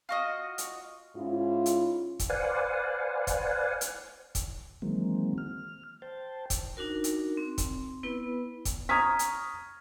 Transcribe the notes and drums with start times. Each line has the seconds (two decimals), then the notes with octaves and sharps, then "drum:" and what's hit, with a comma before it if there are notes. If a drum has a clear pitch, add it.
0.09 F4 F#4 D#5
0.58 drum: hi-hat
1.16 G#2 C#4 E4 F4
1.66 drum: hi-hat
2.19 drum: kick, hi-hat
2.30 B4 C5 D5 F5 F#5 G#5
3.27 drum: kick, hi-hat
3.81 drum: hi-hat
4.35 drum: kick, hi-hat
4.82 D#3 E3 F#3 G#3 A#3 C4
5.38 F6
6.02 C5 G5 A5
6.50 drum: kick, hi-hat
6.77 D4 D#4 F#4 A#4
7.04 drum: hi-hat
7.37 C4
7.58 drum: kick, hi-hat
8.03 B3 E4 B4
8.65 drum: kick, hi-hat
8.89 A#5 C#6 D#6 F6 G#6 B6
9.19 drum: hi-hat